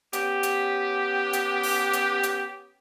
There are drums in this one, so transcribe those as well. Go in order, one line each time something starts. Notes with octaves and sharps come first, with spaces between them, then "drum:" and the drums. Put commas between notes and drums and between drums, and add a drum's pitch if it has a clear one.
B3 C#4 G4, drum: hi-hat
drum: hi-hat
drum: hi-hat
drum: open hi-hat
drum: hi-hat
drum: hi-hat